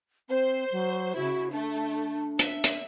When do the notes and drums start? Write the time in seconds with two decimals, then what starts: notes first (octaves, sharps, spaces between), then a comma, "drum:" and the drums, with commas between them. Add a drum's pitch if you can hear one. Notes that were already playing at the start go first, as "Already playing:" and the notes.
0.29 C4 C5
0.72 F#3
1.16 C#3 E4 F#4
1.52 A3 D4
2.39 E5, drum: hi-hat
2.64 drum: hi-hat